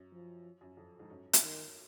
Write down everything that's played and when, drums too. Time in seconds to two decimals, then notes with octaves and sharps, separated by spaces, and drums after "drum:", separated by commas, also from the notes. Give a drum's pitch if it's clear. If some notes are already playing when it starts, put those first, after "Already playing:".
Already playing: F#2
0.12 F3
0.61 F#2
0.77 F2
0.99 F2 G#2
1.10 F#2
1.33 drum: hi-hat
1.43 D#3